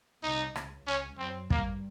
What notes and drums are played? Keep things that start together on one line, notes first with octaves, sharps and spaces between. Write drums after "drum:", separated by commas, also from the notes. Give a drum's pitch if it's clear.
C2 C3 D#4
C#2 C#3, drum: rim click
C#2 C#3 C#4
F#2 F#3 C4
G2 G3 A#3, drum: kick